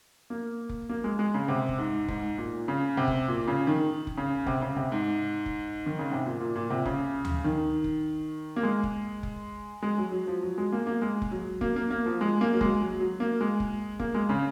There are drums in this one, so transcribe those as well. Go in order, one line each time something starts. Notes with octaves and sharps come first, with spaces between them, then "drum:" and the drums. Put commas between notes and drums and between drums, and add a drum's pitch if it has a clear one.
A#3
drum: kick F1
A#3
G#3
G#3
C#3
C3
drum: kick F1
G#2
G#2, drum: kick F1
A#2
C#3
C3
drum: kick F1
A#2
C#3
D#3
drum: kick F1
C#3
C3, drum: kick F1
C#3
C3
G#2
drum: kick F1
D#3
C#3
C3
A#2
A#2
A#2
C3
C#3, drum: kick F1
drum: tom D2
D#3
drum: kick F1
A#3
G#3
drum: kick F1
drum: kick F1
G#3
F#3
F#3
F3
F#3
G#3
A#3
A#3
G#3
drum: kick F1
F#3
A#3, drum: kick F1
A#3
A#3
F3
G#3
A#3
F#3
G#3, drum: kick F1
F#3
F#3
A#3
G#3
drum: kick F1
A#3, drum: kick F1
G#3
C#3